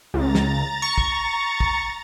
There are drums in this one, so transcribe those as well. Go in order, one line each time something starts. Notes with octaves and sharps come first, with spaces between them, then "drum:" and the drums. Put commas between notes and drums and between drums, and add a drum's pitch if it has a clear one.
C#2 A#5 A6
drum: snare
C#6
drum: kick
drum: kick